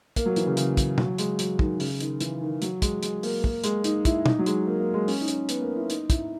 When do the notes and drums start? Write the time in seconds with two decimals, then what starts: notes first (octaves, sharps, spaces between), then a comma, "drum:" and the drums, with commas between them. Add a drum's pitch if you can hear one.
0.16 A#3, drum: kick, hi-hat
0.26 F#3
0.36 E3, drum: hi-hat
0.47 C#3
0.57 C#3, drum: hi-hat
0.77 drum: kick, hi-hat
0.98 F#3, drum: tom
1.18 G#3, drum: hi-hat
1.39 F#3, drum: hi-hat
1.59 D#3, drum: kick
1.80 C#3, drum: open hi-hat
2.00 D#3, drum: hi-hat
2.21 E3, drum: hi-hat
2.41 D#3
2.62 F#3, drum: hi-hat
2.82 G#3, drum: kick, hi-hat
3.03 G#3, drum: hi-hat
3.23 A#3, drum: open hi-hat
3.44 A#3, drum: kick
3.64 G#3, drum: hi-hat
3.84 D#4, drum: hi-hat
4.05 E4, drum: kick, hi-hat
4.26 D#4, drum: tom
4.39 F#3
4.46 G#3, drum: hi-hat
4.67 A#3
4.80 A#3
4.94 G#3
5.08 C#4, drum: open hi-hat
5.21 D#4
5.28 C#4, drum: hi-hat
5.49 B3, drum: hi-hat
5.62 A#3
5.76 E4
5.90 D#4, drum: hi-hat
6.10 E4, drum: kick, hi-hat